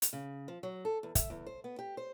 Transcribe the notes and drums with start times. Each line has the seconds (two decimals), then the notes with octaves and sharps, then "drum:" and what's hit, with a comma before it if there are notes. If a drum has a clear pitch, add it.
0.02 drum: hi-hat
0.13 C#3
0.48 F3
0.63 F#3
0.85 A4
1.03 E2
1.15 E5, drum: kick, hi-hat
1.30 E2
1.46 C5
1.64 B3
1.79 G4
1.97 C5